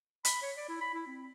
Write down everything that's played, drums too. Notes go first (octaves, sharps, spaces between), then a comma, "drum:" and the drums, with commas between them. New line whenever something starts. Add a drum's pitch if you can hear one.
B5, drum: hi-hat
C#5
D5
E4
B5
E4
C4